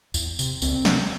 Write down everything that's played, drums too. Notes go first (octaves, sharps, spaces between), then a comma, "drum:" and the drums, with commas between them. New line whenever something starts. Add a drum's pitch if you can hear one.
E2, drum: tambourine
C3, drum: tambourine
C#2 C4, drum: tambourine
C3, drum: snare